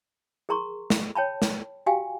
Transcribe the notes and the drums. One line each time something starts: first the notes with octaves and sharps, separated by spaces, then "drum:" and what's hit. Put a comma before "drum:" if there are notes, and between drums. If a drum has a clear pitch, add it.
G#4 A#4 A#5 C6 C#6
drum: snare
C#5 G5 A5 B5
drum: snare
F#4 G4 F5 G5 G#5